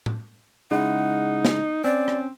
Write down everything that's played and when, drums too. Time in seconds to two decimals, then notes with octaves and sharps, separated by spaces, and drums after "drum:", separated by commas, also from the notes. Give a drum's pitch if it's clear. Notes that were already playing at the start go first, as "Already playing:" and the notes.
0.06 drum: tom A2
0.71 C#3 G#3 D#4 E4 F#5
1.45 drum: snare
1.84 C4 C#4 D5
2.08 drum: rim click